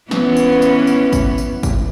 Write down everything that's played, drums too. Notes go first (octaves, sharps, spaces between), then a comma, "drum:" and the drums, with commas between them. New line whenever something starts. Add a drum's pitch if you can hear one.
E3 B3 C#4, drum: snare
drum: tambourine
drum: tambourine
drum: tambourine
drum: kick G#1, tambourine
drum: tambourine
drum: kick G#1, tambourine